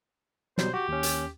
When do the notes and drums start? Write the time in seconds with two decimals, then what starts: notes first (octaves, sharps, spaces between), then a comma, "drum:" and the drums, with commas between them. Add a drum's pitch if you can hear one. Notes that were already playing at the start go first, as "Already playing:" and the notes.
0.58 B2 F#3 G3 C5, drum: snare
0.74 F#4 G4
0.88 D#2 C#4
1.03 drum: hi-hat